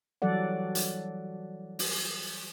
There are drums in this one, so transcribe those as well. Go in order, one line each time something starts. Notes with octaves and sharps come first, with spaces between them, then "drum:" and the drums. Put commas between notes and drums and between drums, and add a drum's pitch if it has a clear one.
E3 F#3 G3 A4 D5 F#5
drum: hi-hat
drum: open hi-hat